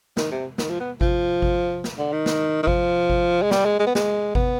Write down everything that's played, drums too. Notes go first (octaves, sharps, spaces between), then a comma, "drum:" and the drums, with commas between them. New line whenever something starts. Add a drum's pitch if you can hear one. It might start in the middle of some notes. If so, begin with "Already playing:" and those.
D#3, drum: snare
C3
D#3, drum: snare
F3
B3
F3, drum: kick G#1
drum: kick G#1
drum: snare
D3
D#3
drum: snare
D#3
F3, drum: kick G#1
drum: kick G#1
G#3
G3, drum: snare
G#3
G#3
B3
G#3, drum: snare
B3, drum: kick G#1